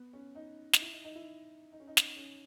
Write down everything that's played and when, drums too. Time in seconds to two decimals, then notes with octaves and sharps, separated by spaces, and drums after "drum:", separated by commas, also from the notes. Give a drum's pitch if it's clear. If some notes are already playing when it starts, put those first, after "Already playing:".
Already playing: B3
0.13 C#4
0.35 D#4
0.73 D#4, drum: snare
0.82 E4
0.92 D#4
1.04 D#4
1.15 E4
1.72 D#4
1.80 C#4
1.87 D#4
1.97 drum: snare
2.17 C#4